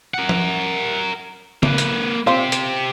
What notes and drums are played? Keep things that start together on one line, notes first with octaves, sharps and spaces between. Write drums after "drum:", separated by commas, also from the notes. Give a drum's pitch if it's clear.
A#4 F#5
drum: tom F3
A#3 B4, drum: tom C#3
drum: hi-hat
C4 F4 G4 C5
drum: hi-hat